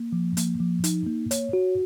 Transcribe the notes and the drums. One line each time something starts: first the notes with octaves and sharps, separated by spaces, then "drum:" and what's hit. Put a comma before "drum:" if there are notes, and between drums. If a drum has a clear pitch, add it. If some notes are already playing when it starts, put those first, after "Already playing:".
Already playing: A#3
F3
A#3, drum: hi-hat
F3
D#4, drum: hi-hat
A#3
C#5, drum: hi-hat
F#4